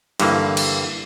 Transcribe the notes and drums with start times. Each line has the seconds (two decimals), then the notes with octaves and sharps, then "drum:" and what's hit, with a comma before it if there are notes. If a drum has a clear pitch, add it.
0.20 G2 D3 E3 A#3, drum: cymbal
0.57 drum: cymbal